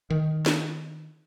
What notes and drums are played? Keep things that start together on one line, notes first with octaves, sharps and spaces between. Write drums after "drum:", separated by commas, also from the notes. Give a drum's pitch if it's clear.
D#3
drum: snare